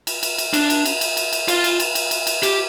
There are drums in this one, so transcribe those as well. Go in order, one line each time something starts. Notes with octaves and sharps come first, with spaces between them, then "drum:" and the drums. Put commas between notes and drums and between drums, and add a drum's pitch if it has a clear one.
drum: cymbal
drum: cymbal
drum: cymbal
D4, drum: cymbal
drum: cymbal
drum: cymbal
drum: cymbal
drum: cymbal
drum: cymbal
F4, drum: cymbal
drum: cymbal
drum: cymbal
drum: cymbal
drum: cymbal
drum: cymbal
G4, drum: cymbal